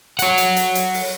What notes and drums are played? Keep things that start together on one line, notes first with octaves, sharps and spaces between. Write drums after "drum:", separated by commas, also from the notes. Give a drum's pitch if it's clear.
C#5 F#5, drum: hi-hat
drum: hi-hat
drum: hi-hat
drum: hi-hat
drum: open hi-hat